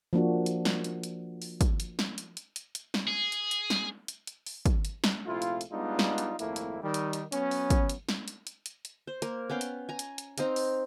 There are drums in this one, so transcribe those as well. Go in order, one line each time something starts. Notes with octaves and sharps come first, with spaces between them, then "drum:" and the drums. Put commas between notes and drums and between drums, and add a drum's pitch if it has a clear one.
F3 A#3 D4 F#4
drum: hi-hat
drum: snare
drum: hi-hat
drum: hi-hat
drum: open hi-hat
drum: kick, hi-hat
drum: hi-hat
drum: snare
drum: hi-hat
drum: hi-hat
drum: hi-hat
drum: hi-hat
drum: snare
G#4
drum: hi-hat
drum: hi-hat
drum: snare
drum: hi-hat
drum: hi-hat
drum: open hi-hat
drum: kick, hi-hat
drum: hi-hat
drum: snare
A#1 C3 A3 E4 F4
drum: hi-hat
drum: hi-hat
G3 G#3 B3 D4 D#4 F4
drum: snare
drum: hi-hat
G#1 F2 A3 A#3 E4, drum: hi-hat
drum: hi-hat
D#3 G3
drum: hi-hat
drum: hi-hat
F#3 B3 C#4, drum: hi-hat
drum: open hi-hat
drum: kick, hi-hat
drum: hi-hat
drum: snare
drum: hi-hat
drum: hi-hat
drum: hi-hat
drum: hi-hat
C5
A#3 A#4, drum: hi-hat
B3 C#4 F5 G5
drum: hi-hat
G#5 A#5
drum: hi-hat
drum: hi-hat
C4 D#4 F5 A#5, drum: hi-hat
drum: open hi-hat